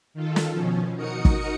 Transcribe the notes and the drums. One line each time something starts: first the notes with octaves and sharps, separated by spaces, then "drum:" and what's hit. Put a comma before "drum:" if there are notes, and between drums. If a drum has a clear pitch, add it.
D#3 F4 A4
drum: snare
B2 F3 C#4
D#4 F#4 A#4 D#6 C#7
drum: kick